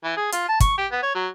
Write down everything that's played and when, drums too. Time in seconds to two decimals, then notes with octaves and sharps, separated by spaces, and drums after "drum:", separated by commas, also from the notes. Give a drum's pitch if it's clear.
0.04 E3
0.17 G#4
0.32 F4, drum: hi-hat
0.48 A5
0.60 C#6, drum: kick, hi-hat
0.78 G4
0.91 B3
1.03 C#5
1.15 F#3